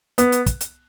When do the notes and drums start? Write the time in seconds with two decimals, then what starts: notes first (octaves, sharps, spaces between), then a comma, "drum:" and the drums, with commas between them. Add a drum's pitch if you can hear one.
0.18 B3, drum: hi-hat
0.32 drum: hi-hat
0.46 drum: kick, hi-hat
0.61 drum: hi-hat